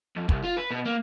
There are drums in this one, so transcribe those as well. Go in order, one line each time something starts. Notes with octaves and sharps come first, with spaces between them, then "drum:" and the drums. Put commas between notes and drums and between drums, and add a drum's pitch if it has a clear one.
F2
C2, drum: kick
F4
B4
B2
A#3